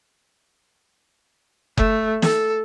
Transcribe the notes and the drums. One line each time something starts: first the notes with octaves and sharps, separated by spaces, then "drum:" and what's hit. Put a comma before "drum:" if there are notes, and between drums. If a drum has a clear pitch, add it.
A3, drum: kick F#1
A4, drum: snare